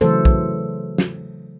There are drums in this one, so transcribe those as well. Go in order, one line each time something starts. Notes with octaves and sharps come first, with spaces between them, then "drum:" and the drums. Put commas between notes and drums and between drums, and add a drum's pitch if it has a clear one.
C#3 E3 F#3 A3 A4 C5
drum: kick
drum: snare